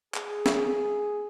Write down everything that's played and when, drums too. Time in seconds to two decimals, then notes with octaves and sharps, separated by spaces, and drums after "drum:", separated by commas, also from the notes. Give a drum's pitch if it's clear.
0.14 G#4, drum: clap
0.46 drum: snare